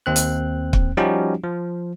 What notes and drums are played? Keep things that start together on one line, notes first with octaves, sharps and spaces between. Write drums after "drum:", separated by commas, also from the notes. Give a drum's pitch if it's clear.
D#2 C4 F#6
drum: hi-hat
drum: kick
F3 G3 C#4 D#4 F#4 G4
F3